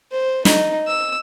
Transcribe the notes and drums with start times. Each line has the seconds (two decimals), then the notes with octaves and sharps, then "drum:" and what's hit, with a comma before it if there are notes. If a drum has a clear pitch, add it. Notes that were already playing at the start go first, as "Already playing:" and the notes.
0.11 C5
0.45 D#4, drum: snare
0.88 E6